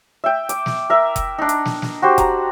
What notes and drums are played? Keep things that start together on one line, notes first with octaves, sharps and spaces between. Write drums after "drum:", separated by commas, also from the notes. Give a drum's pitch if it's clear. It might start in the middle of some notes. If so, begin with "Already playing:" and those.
E5 G5
D6, drum: hi-hat
drum: snare
A#4 E5
drum: kick F1, hi-hat
D4 D#4
drum: hi-hat
drum: snare
drum: snare
F#4 G4 C5
A#5, drum: kick F1, hi-hat